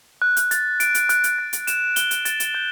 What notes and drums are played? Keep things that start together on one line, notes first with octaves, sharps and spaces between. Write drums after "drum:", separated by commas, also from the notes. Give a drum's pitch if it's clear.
F#6
drum: hi-hat
A6, drum: hi-hat
D7, drum: hi-hat
drum: hi-hat
F#6, drum: hi-hat
drum: hi-hat
A6
drum: hi-hat
E7, drum: hi-hat
G7, drum: hi-hat
drum: hi-hat
A6, drum: hi-hat
drum: hi-hat
G6